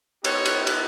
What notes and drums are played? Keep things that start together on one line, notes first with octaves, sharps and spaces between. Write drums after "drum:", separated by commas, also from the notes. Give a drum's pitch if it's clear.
B3 D#4 G4 C#5, drum: cymbal
drum: cymbal
drum: cymbal